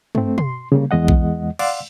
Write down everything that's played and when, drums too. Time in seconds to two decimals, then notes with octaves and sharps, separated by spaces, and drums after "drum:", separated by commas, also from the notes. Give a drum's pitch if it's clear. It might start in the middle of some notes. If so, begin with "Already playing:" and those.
0.15 A3 C4, drum: tom G2
0.38 C6, drum: tom
0.72 C#3 G3 A#3
0.91 E2 G#3 D#5 F#5
1.08 drum: kick A#1
1.59 D5 F5 F#5 C6 E6, drum: cymbal